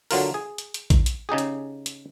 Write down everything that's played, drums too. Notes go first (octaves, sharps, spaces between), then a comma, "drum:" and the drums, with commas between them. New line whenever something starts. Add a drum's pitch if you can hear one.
D3 F#3 F4 A#4, drum: open hi-hat
G#4
drum: hi-hat
drum: hi-hat
drum: kick A1, hi-hat
drum: hi-hat
C#3 D#4 G4 G#4
drum: hi-hat
drum: hi-hat